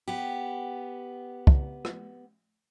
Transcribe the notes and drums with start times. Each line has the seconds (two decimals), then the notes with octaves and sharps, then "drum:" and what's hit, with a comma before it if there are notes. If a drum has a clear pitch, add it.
0.08 B3 G4
1.47 drum: kick
1.85 drum: rim click